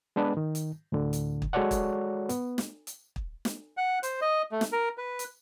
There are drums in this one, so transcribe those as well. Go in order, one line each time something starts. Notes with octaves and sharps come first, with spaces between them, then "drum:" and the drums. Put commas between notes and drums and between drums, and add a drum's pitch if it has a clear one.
G#3 B3 D4 B4
D#3
drum: hi-hat
D2 A2 D3
drum: hi-hat
drum: kick
G#3 F#4 A4 C#5 D5 F#5
drum: kick, hi-hat
B3, drum: hi-hat
drum: snare
drum: hi-hat
drum: kick
drum: snare
F#5
C5, drum: hi-hat
D#5
A3
drum: snare
A#4
B4
drum: hi-hat